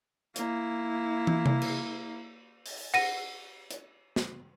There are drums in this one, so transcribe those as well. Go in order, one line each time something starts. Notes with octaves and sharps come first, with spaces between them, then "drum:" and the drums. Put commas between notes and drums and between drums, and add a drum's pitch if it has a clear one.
A#3 E4, drum: hi-hat
drum: tom
drum: tom C3
drum: cymbal
drum: open hi-hat
F#5 A#6 D#7, drum: cymbal
drum: hi-hat
drum: snare